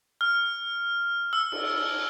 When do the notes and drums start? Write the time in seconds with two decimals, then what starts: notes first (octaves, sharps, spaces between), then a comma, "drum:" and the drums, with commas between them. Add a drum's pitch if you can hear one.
0.21 F6
1.33 E6
1.52 drum: cymbal